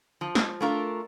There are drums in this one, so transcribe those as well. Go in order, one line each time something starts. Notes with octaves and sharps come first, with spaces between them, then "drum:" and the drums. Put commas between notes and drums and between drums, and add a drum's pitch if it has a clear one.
F3
drum: snare
A3 D4 F4 A#4